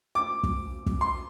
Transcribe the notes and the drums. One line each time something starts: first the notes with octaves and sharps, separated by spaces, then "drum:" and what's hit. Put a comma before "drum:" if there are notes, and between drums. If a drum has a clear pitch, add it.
D6
drum: kick
drum: kick
C6